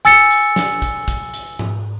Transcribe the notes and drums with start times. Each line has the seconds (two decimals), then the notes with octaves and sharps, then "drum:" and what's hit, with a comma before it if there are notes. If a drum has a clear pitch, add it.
0.05 G#5 E6 A6 C#7, drum: hi-hat
0.30 drum: hi-hat
0.56 drum: snare
0.82 drum: kick, hi-hat
1.08 drum: kick, hi-hat
1.34 drum: hi-hat
1.59 drum: tom G#2